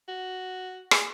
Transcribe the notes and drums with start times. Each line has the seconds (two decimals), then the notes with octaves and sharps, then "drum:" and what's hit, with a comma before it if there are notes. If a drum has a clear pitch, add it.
0.08 F#4
0.91 G#4, drum: rim click